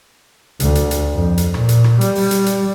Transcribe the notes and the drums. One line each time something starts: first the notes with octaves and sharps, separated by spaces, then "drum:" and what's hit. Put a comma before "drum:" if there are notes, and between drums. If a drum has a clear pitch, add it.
D2, drum: hi-hat
drum: hi-hat
drum: hi-hat
F2
drum: hi-hat
A#2, drum: rim click
drum: hi-hat
drum: rim click
G3, drum: hi-hat
drum: open hi-hat
drum: hi-hat
drum: hi-hat